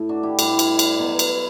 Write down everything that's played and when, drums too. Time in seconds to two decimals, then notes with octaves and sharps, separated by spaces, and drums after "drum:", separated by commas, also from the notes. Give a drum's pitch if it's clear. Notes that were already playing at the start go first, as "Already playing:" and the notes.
Already playing: A2
0.09 D4 F#4
0.23 E4 G4
0.39 A2 G3, drum: cymbal
0.59 drum: cymbal
0.79 drum: cymbal
0.99 B2 F#3
1.19 drum: cymbal